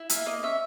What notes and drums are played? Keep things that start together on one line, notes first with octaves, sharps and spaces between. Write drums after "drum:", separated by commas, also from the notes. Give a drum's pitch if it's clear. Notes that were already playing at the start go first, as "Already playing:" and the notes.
Already playing: E4
A#3 E5, drum: hi-hat
A#3 D#5
C#4 E5